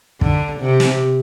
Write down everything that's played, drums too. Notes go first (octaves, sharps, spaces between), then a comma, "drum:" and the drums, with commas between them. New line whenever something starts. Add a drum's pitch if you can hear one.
D3, drum: kick
C3
drum: snare